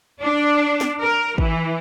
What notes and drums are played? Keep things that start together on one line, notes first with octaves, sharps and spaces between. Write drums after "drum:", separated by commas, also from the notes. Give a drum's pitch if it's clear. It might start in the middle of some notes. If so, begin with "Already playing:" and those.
D4
drum: snare
A#4
E3, drum: kick